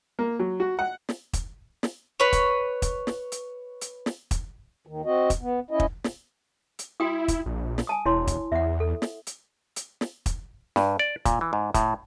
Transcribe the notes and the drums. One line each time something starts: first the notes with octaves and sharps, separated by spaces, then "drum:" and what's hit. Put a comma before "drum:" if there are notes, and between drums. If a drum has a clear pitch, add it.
A#3
F#3
F#4
F#5
drum: snare
drum: kick, hi-hat
drum: snare
B4 C#5
drum: kick, hi-hat
drum: kick, hi-hat
drum: snare
drum: hi-hat
drum: hi-hat
drum: snare
drum: kick, hi-hat
D#2 D#3
C4 F#4 D#5
drum: kick, hi-hat
B3
C#4 E4 D#5
drum: kick
drum: snare
drum: hi-hat
E4 F#4 G5 D#6
drum: kick, hi-hat
A#1
drum: snare
G#5 A5 D#6
E1 E4 C#5 C6
drum: kick, hi-hat
E2 E5 F#5
A4
drum: snare
drum: hi-hat
drum: hi-hat
drum: snare
drum: kick, hi-hat
G2, drum: snare
D5
A#2, drum: kick, hi-hat
E3
G#2
A2, drum: kick, hi-hat